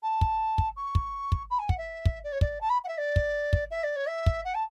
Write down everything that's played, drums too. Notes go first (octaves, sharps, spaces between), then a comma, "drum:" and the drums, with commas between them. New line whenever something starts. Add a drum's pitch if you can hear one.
A5
drum: kick
drum: kick
C#6
drum: kick
drum: kick
B5
G#5
F#5, drum: kick
E5
drum: kick
D5
C#5
D5, drum: kick
A5
B5
F#5
E5
D5
drum: kick
drum: kick
E5
D5
C#5
E5
drum: kick
F#5
A5